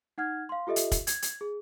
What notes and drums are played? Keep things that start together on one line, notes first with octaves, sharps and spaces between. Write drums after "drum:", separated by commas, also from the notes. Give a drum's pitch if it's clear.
D#4 F#5 F6 G#6
F5 C6
F4 G4 A4 D#5 E5
drum: hi-hat
drum: kick, hi-hat
G#6, drum: hi-hat
drum: hi-hat
G#4